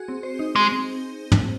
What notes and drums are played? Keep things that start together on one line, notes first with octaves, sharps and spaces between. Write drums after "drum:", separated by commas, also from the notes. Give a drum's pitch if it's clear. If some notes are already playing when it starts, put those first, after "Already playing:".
Already playing: F#4 G#4
C4
C5
D#4
G#3 G#4
C4
drum: tom